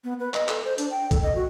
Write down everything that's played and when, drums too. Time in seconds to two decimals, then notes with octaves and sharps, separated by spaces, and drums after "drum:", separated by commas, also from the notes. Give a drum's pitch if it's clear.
0.04 B3
0.20 B4
0.34 D#5, drum: clap
0.48 A4, drum: clap
0.65 C5
0.78 D4, drum: hi-hat
0.91 G5
1.11 A4, drum: kick B1, hi-hat
1.22 D#5
1.35 F#4